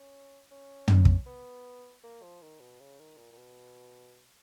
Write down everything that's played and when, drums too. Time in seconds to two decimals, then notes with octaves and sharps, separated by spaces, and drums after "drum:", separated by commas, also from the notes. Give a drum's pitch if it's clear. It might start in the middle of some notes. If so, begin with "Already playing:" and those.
Already playing: C#4
0.51 C#4
0.88 drum: tom
1.05 drum: kick
1.27 B3
2.04 A#3
2.23 F3
2.42 D#3
2.60 B2
2.80 C#3
2.99 D#3
3.17 A#2
3.32 A#2
3.37 B2